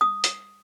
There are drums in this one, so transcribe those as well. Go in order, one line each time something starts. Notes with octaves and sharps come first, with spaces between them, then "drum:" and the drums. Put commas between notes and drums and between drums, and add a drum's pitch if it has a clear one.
D#6
drum: hi-hat